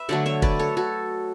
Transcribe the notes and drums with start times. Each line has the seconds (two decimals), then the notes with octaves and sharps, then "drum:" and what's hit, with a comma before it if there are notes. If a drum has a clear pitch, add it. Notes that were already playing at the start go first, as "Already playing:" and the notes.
Already playing: B4 E5
0.09 D3 F#3 A3 D5 F#5
0.26 C#5 E5
0.42 B4 D5, drum: kick
0.59 A4 C#5
0.77 F#4 A4